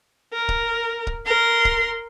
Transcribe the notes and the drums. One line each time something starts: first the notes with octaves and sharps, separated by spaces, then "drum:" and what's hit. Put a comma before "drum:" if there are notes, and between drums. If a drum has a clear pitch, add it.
A#4
drum: kick C#1
drum: kick C#1
A#4 C6
drum: kick C#1